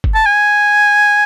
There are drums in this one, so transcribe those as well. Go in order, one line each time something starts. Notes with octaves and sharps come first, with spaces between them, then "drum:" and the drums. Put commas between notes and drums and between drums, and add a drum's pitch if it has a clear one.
drum: kick F#1
A5
G#5